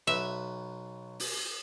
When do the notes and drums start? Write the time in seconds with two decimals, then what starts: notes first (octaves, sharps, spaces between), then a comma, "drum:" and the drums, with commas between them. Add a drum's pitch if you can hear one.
0.07 B1 B4 E5
1.20 drum: open hi-hat